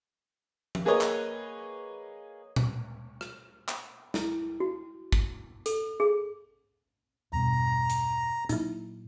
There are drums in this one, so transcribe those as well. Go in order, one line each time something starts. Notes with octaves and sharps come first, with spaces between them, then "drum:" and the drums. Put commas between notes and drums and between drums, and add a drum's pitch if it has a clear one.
drum: tom F3
A#3 G#4 A#4 B4 C#5 D#5
drum: clap
drum: tom A#2
drum: rim click
drum: clap
E4, drum: snare
F#4
drum: kick
A4, drum: hi-hat
G#4
E2 G2 B2 A#5
drum: hi-hat
A#2 F#3 D#4 E4, drum: hi-hat